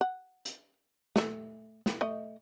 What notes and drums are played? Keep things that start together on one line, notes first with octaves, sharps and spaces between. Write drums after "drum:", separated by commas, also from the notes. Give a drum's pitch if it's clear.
F#5
drum: hi-hat
A3 E5, drum: snare
drum: snare
A3 D#5